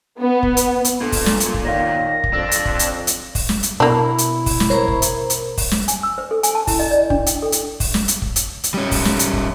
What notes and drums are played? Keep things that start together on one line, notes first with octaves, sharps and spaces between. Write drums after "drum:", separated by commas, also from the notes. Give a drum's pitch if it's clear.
B3
drum: kick
drum: hi-hat
drum: hi-hat
A#2 B3 D4 A4
drum: kick, open hi-hat
drum: snare
drum: hi-hat
drum: kick
D#3 C#5 D5 F5 A#6
drum: kick
F2 D4 E6
drum: hi-hat
drum: kick
drum: hi-hat
drum: hi-hat
drum: kick, open hi-hat
drum: snare
drum: hi-hat
B2 A#3 D4 E4
drum: hi-hat
drum: kick, open hi-hat
drum: snare
A#4 C5 C#5 A#5
drum: kick
drum: hi-hat
drum: hi-hat
drum: kick, open hi-hat
drum: snare
G#5, drum: hi-hat
E6
C5
A4
G#5, drum: hi-hat
A5
E4, drum: kick, open hi-hat
D#5
D5
D4, drum: kick
G5, drum: hi-hat
A4
drum: hi-hat
drum: kick, open hi-hat
drum: snare
drum: hi-hat
drum: kick
drum: hi-hat
drum: hi-hat
G3 C#4
drum: kick, open hi-hat
drum: snare
drum: hi-hat
drum: kick